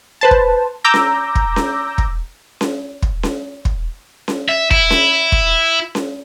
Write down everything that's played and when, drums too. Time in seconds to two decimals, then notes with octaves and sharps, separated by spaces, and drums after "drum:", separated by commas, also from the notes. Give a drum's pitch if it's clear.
0.21 B4 C5 A5
0.31 drum: kick
0.84 A#5 D6 E6 G6 A#6
0.94 drum: snare C#4
1.35 drum: kick
1.56 drum: snare C#4
1.98 drum: kick
2.61 drum: snare C#4
3.02 drum: kick
3.23 drum: snare C#4
3.65 drum: kick
4.28 drum: snare C#4
4.49 E5
4.71 E4, drum: kick
4.90 drum: snare C#4
5.32 drum: kick
5.95 drum: snare C#4